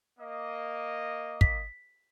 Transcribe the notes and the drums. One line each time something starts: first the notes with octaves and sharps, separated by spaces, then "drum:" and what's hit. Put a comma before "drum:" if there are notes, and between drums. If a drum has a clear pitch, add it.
A#3 D#5
B6, drum: kick